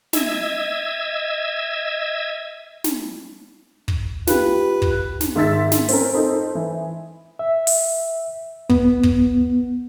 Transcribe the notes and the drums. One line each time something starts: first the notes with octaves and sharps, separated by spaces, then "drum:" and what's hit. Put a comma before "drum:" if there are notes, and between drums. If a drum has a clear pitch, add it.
D#5 E5 E6 G#6, drum: snare
drum: snare
drum: kick
F4 G4 B4, drum: snare
drum: kick
drum: snare
G#2 D#3 E5 E6 A6 B6
drum: snare
C4 C#4 A#4, drum: open hi-hat
C4 D#4 A4
E3
E5
drum: open hi-hat
B3, drum: kick
drum: kick